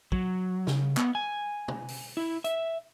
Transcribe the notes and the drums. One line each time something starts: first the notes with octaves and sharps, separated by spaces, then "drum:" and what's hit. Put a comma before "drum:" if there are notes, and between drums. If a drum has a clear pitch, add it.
F#3, drum: kick
C#3, drum: snare
B3, drum: clap
G#5
drum: tom
drum: open hi-hat
E4
E5, drum: hi-hat